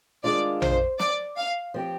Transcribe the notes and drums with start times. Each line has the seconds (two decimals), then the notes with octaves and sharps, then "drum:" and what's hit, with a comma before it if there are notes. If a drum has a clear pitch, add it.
0.24 D#3 G#3 D4 F4 D5
0.62 C5, drum: tom A#1
1.00 D5, drum: snare
1.37 F5
1.74 F3 C4 G4